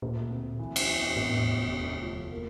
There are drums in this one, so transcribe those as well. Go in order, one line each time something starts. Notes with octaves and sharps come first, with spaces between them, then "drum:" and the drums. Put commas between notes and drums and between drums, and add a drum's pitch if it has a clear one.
D2 A#2
C4
E3
drum: cymbal
E1
E2 A2
F1
D2
F3
A#3